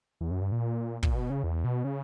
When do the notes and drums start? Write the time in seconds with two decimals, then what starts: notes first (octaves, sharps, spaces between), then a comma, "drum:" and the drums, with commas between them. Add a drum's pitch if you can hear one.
0.21 E2
0.31 F#2
0.41 G2
0.52 A#2
1.03 A#2, drum: kick
1.15 B2
1.30 C#3
1.44 E2
1.64 B2
1.84 C#3